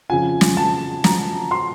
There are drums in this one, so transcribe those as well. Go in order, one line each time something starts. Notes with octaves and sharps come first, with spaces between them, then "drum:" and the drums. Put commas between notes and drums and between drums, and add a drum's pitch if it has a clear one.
F2 C#3 F3 G#5
drum: snare
A5
A#5, drum: snare
C6